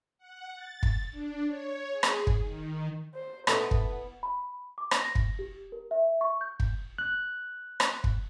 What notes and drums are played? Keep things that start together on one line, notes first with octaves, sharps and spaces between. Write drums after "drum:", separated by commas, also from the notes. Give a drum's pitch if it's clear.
F#5
A6
drum: kick
D4
C#5
G#4
drum: rim click
drum: kick
D#3
C5
B3 E4 A4 D#5, drum: rim click
drum: kick
B5
D6
drum: rim click
A#6
drum: kick
G4
A#4
E5
C#6
G6
drum: kick
F#6
drum: rim click
drum: kick